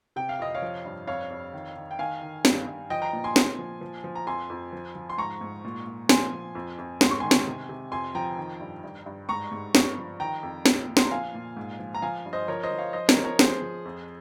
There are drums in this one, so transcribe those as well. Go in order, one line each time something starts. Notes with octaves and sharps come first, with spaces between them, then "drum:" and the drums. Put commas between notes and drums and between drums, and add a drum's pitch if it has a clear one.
C3 G5
F5
F2 D#5
C#5 F5
F3
G2
F2 C#5 F5
F2
D#3
D#3
G5
D#3 F5 G#5
D#3
G2, drum: snare
G2
F3 D#5 G5
G5 A#5
A#2
G#5 C6
A#2, drum: snare
F3
F3
F3
A#5
F2 G#5 C6
F2
F3
F3
C6
G#2 A#5 C#6
G#2
A#2
A#2
F3 G#5 C6, drum: snare
F3
F2
F2
G#2 C6, drum: snare
C#6
D#3 G#5 C6
drum: snare
C3
C3
F2 G#5 C6
F3 G5 A#5
D#3
G2
G2
G2
G#2 A#5 C#6
G#2
G2, drum: snare
F3
D#3 G5 A#5
F2
A#2, drum: snare
A#2
C6, drum: snare
A#5
F3 F5 G#5
A#2
G#2
F3
A#5
F3 F5 G#5
G2
C5 D#5
F3 A#4 C#5
C5 D#5
F3
C#5 F5
F3 C5 D#5
A#4 C#5, drum: snare
F3
A#4 C#5
F3 G#4 C5, drum: snare
F3
F2